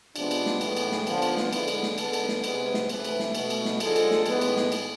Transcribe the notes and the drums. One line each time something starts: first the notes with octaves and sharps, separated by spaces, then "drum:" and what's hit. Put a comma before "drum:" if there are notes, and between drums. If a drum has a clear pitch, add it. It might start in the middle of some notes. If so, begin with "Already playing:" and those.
C3 F3 G#3 B3 D4, drum: cymbal
drum: cymbal
drum: snare
A2 E3 G#3 B3, drum: cymbal
drum: cymbal
drum: snare
D3 F3 B3, drum: cymbal
drum: cymbal
drum: snare
D3 G#3 B3 E4, drum: cymbal
drum: cymbal
drum: snare
D3 G#3 B3 A4, drum: cymbal
drum: cymbal
drum: snare
C3 G#3 B3 B4, drum: cymbal
drum: snare
C3 E3 A3 B4, drum: cymbal
drum: cymbal
drum: snare
B2 A3, drum: cymbal
drum: cymbal
drum: snare
D3 F3 G#3 A4, drum: cymbal
drum: cymbal
drum: snare
A2 E3 G#3 B3, drum: cymbal
drum: cymbal
drum: snare
drum: cymbal